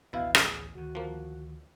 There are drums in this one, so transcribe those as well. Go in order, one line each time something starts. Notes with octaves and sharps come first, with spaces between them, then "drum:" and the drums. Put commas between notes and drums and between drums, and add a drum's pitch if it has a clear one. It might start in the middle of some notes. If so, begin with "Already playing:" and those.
A1 D2 B2 E4 F5
G#4, drum: rim click
D2 D#3 F#4
F3 A#3